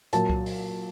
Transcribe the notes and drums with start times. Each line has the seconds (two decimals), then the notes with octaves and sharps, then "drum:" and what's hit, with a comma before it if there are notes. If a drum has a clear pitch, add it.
0.13 A#2 F#3 A5, drum: hi-hat
0.30 drum: kick C2
0.46 drum: open hi-hat